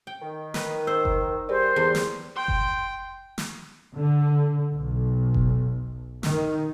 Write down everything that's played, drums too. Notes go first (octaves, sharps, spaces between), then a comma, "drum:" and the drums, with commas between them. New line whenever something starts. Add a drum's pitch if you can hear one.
G5
D#3
B4 D#5, drum: snare
C5 E6
drum: kick F#1
G3 G#4 A#4 C5 D5
E2 G3 C6
drum: snare
G5 C6
drum: kick F#1
drum: snare
D3
B1
drum: kick F#1
D#3, drum: snare